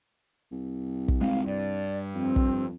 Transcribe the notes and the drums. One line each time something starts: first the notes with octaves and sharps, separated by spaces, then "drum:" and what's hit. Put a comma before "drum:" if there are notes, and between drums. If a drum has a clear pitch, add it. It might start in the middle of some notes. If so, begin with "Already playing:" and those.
C2
drum: kick
G#3 C4 F5
G2 D5
F2 C4
drum: kick